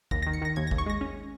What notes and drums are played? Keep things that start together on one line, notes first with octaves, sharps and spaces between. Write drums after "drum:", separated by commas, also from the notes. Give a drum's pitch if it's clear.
D#2 A#6, drum: kick G#1
A#6
D#3
C#7
D#3 A#6
D#2 G#6
A#6
D#2, drum: kick G#1
C#6
G#3 A#6
C#4